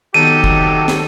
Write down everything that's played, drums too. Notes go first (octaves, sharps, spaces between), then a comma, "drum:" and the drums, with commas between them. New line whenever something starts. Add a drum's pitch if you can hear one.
C3 D#3 F#3 B3 D#4 G4 A4 D#7
drum: kick
drum: snare